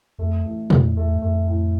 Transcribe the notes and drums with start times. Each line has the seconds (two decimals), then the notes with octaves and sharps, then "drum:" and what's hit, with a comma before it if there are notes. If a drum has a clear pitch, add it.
0.19 F2 A3
0.45 A1
0.70 F2 A2, drum: tom A#2
0.96 E2 A3
1.16 G2
1.22 F2 A3
1.48 A2